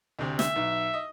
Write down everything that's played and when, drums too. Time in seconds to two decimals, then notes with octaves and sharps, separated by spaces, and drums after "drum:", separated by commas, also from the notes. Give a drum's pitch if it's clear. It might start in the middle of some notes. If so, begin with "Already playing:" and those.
0.19 D2 C3
0.39 E5, drum: snare
0.56 B1
0.93 D#5